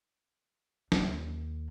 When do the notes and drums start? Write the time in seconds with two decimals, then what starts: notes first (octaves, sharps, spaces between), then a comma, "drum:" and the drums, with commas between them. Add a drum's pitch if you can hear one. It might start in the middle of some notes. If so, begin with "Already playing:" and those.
0.92 D#2, drum: snare